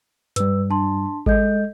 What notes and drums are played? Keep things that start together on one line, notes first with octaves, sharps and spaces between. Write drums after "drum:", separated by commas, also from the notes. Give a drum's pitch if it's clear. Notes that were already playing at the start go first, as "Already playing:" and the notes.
G2 G3 B4 E6, drum: hi-hat
D4 A5 C6
G#3 A4 D#5 G6, drum: kick G#1